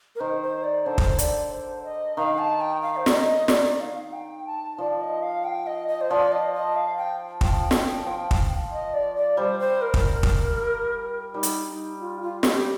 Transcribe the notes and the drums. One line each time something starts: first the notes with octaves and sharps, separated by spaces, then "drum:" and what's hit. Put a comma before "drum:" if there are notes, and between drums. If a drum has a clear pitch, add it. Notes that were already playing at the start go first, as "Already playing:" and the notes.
A#4
D#3 C5
C5
D5
D3 C5
drum: kick
D5, drum: hi-hat
C5
D#5
D#3 F5
A5
G5
F5
C5
D5, drum: snare
D#5
D5, drum: snare
F5
G5
A5
F3 D5
D#5
F5
G5
D#5
D#5
C5
F3 D5
D#5
D#5
F5
G5
F3 G5, drum: kick
drum: snare
F3
drum: kick
D#5
D5
D5
G3 C5
C5
A#4
drum: kick
drum: kick
G3 D#4
drum: hi-hat
D#4
F4
F4
G4, drum: snare
G4